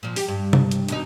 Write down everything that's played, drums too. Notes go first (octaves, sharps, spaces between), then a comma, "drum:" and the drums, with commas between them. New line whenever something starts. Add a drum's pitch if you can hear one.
A#2 F3
G4, drum: open hi-hat
G2
drum: tom C3
drum: hi-hat
D#2 B2 D#4, drum: hi-hat